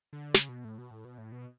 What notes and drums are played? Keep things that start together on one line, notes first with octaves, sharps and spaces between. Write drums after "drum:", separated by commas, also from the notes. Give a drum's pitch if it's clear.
D3
C#3, drum: snare
B2
A2
B2
A2
B2
A2
B2